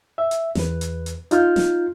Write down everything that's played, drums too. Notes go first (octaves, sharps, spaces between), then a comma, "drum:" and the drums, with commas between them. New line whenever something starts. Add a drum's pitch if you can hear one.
E5
drum: hi-hat
E2 B4, drum: snare
drum: hi-hat
drum: hi-hat
D#4 F4 F6 G6, drum: hi-hat
drum: snare